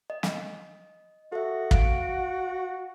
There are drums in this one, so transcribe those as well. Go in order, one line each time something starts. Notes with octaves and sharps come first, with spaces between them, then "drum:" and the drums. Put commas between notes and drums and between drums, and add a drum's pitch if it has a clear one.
D#5
drum: snare
F#4 A4 E5
F5 D7, drum: kick